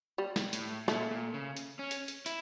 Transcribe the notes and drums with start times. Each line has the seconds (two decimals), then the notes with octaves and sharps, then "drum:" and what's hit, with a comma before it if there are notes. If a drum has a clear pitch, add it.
0.18 G3
0.36 drum: snare
0.53 A2, drum: hi-hat
0.88 A#2 A3, drum: snare
1.11 A#2
1.34 C#3
1.56 drum: hi-hat
1.79 C#4
1.91 drum: hi-hat
2.08 drum: hi-hat
2.26 E4, drum: hi-hat